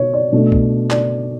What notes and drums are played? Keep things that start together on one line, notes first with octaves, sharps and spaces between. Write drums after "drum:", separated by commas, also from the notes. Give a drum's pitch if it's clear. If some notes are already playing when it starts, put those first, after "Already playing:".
Already playing: B2 C#5
D5
B2 A3 D4
drum: kick
D5, drum: clap